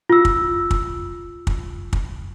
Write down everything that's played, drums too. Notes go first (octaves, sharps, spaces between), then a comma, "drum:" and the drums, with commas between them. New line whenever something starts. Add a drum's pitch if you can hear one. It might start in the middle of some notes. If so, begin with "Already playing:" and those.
F4 E6
drum: kick
drum: kick
drum: kick
drum: kick